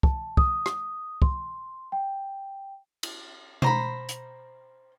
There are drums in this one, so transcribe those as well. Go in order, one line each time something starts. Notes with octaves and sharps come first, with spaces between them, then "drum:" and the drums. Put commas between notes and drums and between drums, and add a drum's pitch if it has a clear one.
A5, drum: kick
D#6, drum: kick
drum: rim click
C6, drum: kick
G5
drum: cymbal
C5 A#5 B5, drum: tom B2
drum: hi-hat